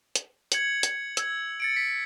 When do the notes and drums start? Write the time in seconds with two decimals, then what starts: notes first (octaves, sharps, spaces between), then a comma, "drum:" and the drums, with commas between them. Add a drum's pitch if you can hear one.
0.15 drum: hi-hat
0.52 G#6 C#7 F#7, drum: hi-hat
0.83 drum: hi-hat
1.17 E6 G#6, drum: hi-hat
1.60 A6 C#7 D7
1.76 B6